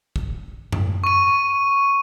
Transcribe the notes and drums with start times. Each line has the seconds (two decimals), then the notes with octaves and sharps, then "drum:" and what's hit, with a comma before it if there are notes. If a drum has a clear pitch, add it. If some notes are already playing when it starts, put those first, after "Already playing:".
0.16 drum: kick
0.72 drum: tom F#2
1.04 C#6 D#7